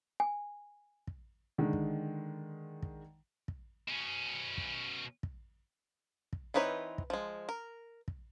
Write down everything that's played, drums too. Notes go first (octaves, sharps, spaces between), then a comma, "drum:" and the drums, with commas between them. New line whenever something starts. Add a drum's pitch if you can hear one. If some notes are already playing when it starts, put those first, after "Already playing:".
G#5
drum: kick
D3 D#3 G#3
drum: kick
drum: kick
drum: kick
B2 C#4
drum: kick
drum: kick
drum: kick
E3 C4 D#4 B4 C#5
drum: kick
F3 G#3
A#4
drum: kick